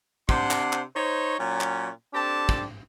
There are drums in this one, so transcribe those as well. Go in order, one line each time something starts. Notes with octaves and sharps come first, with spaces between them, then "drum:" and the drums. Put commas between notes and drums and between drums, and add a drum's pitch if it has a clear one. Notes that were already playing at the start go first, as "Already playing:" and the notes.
C3 D4 C5 F#5 C6, drum: kick
drum: clap
drum: clap
D#4 C5 C#5
A#2 F#3 C#4
drum: clap
C4 D4 G4 A4 A5
drum: kick